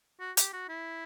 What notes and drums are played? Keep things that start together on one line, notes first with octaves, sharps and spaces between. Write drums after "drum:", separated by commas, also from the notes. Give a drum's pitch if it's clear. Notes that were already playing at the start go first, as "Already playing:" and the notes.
F#4
G4, drum: hi-hat
F#4
E4